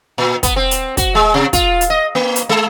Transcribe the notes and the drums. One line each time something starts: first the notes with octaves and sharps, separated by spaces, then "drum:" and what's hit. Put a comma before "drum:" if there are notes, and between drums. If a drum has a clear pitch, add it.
A#2
B3, drum: kick, hi-hat
C4
drum: hi-hat
F#4, drum: kick, hi-hat
G#3
C3
F4, drum: kick, hi-hat
drum: hi-hat
D#5
A#3
drum: hi-hat
G#3